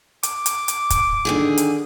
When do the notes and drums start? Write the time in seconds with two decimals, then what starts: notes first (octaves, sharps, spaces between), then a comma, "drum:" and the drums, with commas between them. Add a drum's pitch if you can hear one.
0.23 D6, drum: hi-hat
0.46 drum: hi-hat
0.68 drum: hi-hat
0.90 drum: kick, hi-hat
1.25 D3 D#3 G#4
1.58 drum: hi-hat